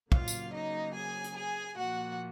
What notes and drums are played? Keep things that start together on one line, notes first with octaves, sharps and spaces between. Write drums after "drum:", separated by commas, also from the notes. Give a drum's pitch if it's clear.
C#3 F#3 A#3 F4 F5, drum: kick
drum: tambourine
D#4 D#5
G#4 G#5
drum: hi-hat
G#4 G#5
A#2 F3 A#3 F#4 F#5